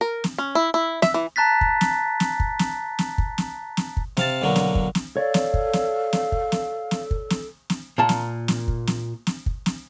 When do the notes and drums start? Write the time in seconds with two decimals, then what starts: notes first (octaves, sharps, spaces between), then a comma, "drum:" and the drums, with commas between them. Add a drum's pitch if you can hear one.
0.01 A#4
0.24 drum: snare
0.38 C#4
0.55 E4
0.74 E4
1.02 E5, drum: snare
1.14 E3
1.36 A5 A#5 F#6 A6 B6
1.61 drum: kick
1.81 drum: snare
2.20 drum: snare
2.40 drum: kick
2.59 drum: snare
2.99 drum: snare
3.18 drum: kick
3.38 drum: snare
3.77 drum: snare
3.97 drum: kick
4.17 C3 F5 A5, drum: snare
4.42 B1 D3 F#3 A#3
4.56 drum: snare
4.75 drum: kick
4.95 drum: snare
5.17 A4 C#5 D5 F5
5.34 drum: snare
5.54 drum: kick
5.73 drum: snare
6.13 drum: snare
6.32 drum: kick
6.52 drum: snare
6.91 drum: snare
7.11 drum: kick
7.30 drum: snare
7.70 drum: snare
7.98 A#2 A#3 A5
8.09 drum: snare
8.48 drum: snare
8.68 drum: kick
8.87 drum: snare
9.27 drum: snare
9.46 drum: kick
9.66 drum: snare